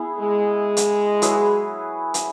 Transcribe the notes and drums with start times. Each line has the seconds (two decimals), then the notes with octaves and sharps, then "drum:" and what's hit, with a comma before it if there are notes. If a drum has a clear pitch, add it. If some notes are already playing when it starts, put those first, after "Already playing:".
Already playing: B3 E4 G#4
0.19 G#3
0.77 drum: hi-hat
1.22 F#3 E4 G#4 B4, drum: hi-hat
2.14 drum: hi-hat